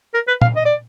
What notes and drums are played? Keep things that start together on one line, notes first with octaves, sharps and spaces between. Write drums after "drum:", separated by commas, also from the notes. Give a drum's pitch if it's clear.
A#4
B4
F5, drum: tom A#2
D#5
D5